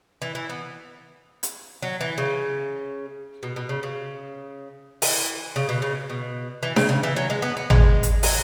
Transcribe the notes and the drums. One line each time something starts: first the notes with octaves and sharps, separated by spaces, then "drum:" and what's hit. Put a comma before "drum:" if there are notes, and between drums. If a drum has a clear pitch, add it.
E3
E3
B3
drum: hi-hat
F#3
E3
C#3
B2
B2
C#3
C#3
E3, drum: open hi-hat
C#3
B2
C#3
B2
E3
C#3, drum: snare D4
C#3
E3
F#3
G#3
B3
B3
G#3, drum: tom G#1
drum: hi-hat
F#3, drum: open hi-hat